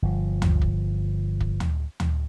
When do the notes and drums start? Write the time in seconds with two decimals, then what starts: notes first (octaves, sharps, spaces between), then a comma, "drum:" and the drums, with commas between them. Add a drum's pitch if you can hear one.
0.02 G1 F3
0.42 drum: tom D2
0.61 drum: kick
1.40 drum: kick
1.60 drum: tom D2
2.00 drum: tom D2